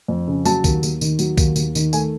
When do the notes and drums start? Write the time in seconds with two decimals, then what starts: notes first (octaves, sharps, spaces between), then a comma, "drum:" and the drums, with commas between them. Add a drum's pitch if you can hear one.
0.08 F2
0.28 C#3
0.45 F#3 A5, drum: tambourine
0.64 D#2, drum: kick B1, tambourine
0.83 D#2, drum: tambourine
1.01 D#3, drum: tambourine
1.19 F#3, drum: tambourine
1.38 D#2, drum: kick B1, tambourine
1.56 D#2, drum: tambourine
1.75 D#3, drum: tambourine
1.93 A3 G#5, drum: tambourine